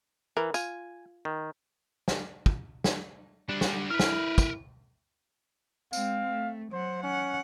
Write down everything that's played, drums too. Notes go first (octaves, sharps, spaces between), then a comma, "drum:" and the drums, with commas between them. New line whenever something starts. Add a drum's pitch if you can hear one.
E3 A#4
F4 G#5, drum: tambourine
D#3
drum: snare
drum: kick
drum: snare
G3 D4 F#4
drum: snare
E4 A#4 B4 F6
drum: snare
drum: kick, tambourine
G#3 C4 F5, drum: tambourine
A3
F#3 C5 F#5
C#4 F#5